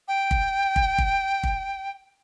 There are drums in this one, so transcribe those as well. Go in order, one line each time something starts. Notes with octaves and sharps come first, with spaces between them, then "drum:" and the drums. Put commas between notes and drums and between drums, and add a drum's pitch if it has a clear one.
G5
drum: kick
drum: kick
drum: kick
drum: kick